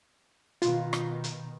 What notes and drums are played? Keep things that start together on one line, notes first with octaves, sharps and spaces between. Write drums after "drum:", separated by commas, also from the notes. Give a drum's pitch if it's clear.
B2 D#3 F4, drum: hi-hat
drum: rim click
drum: hi-hat